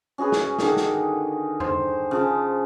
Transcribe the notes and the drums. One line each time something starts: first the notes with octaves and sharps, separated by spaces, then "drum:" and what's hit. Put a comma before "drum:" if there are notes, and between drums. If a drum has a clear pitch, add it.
C#4 F#4 G#4 B4
drum: snare
D3 D#3 G#4, drum: snare
drum: snare
C5, drum: tom E2
C#3 F3